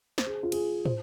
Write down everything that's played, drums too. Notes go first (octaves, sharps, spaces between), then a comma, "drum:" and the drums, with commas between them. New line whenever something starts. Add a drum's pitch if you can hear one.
C5, drum: snare
G#4
F4
G#4, drum: cymbal
C5, drum: tom